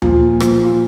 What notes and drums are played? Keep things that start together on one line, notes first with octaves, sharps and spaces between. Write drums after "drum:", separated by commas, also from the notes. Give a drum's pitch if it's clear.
A#2 F3 F4, drum: tom D2
A#2 F3, drum: rim click
F4